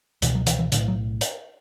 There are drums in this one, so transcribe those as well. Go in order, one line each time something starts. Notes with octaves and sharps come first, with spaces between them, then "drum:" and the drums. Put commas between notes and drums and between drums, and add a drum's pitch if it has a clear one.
C#2 B2 E3, drum: hi-hat
F#3
E3, drum: hi-hat
E3
B1 A2 D3, drum: hi-hat
F#3
drum: hi-hat